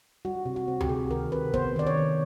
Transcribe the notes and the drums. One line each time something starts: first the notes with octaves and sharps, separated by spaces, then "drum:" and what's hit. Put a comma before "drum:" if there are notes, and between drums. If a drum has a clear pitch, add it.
G3 F#4
C3
F#4
C4
G4, drum: tom D2
C3 G#4
D#3 A#4
C3 B4
B3 C5, drum: kick
D#3 D5
C#5
D#3